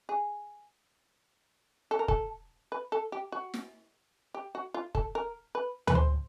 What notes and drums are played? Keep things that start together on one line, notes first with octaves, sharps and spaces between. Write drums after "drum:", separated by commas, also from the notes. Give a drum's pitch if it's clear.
G#4
A4
A#4
A4, drum: kick F1
B4
A4
G4
F#4
drum: snare
G4
F#4
F4
A4, drum: kick F1
A#4
B4
B4, drum: tom D2
C5